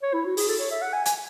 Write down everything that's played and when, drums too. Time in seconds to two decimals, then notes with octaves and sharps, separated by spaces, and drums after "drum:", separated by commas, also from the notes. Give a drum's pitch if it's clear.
0.03 C#5
0.14 E4
0.25 F#4
0.37 G#4, drum: open hi-hat
0.48 A4
0.60 C#5
0.71 E5
0.82 F#5
0.93 G#5
1.05 G#5, drum: hi-hat